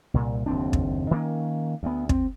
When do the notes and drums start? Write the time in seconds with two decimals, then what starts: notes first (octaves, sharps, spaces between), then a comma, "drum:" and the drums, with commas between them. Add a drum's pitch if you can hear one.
0.14 C2 A#2
0.46 F#1 D#2 C4 D4
0.73 drum: kick
1.11 D#3 A#3 C#4
1.83 D2 B3
2.09 C4, drum: kick